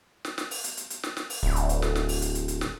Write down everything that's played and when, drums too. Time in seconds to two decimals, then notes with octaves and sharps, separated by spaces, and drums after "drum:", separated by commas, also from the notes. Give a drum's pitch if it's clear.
0.25 drum: snare
0.38 drum: snare
0.51 drum: open hi-hat
0.64 drum: hi-hat
0.77 drum: hi-hat
0.90 drum: hi-hat
1.03 drum: snare
1.17 drum: snare
1.30 drum: open hi-hat
1.43 D1
1.56 drum: hi-hat
1.69 drum: hi-hat
1.82 drum: snare
1.95 drum: snare
2.09 drum: open hi-hat
2.22 drum: hi-hat
2.35 drum: hi-hat
2.48 drum: hi-hat
2.61 drum: snare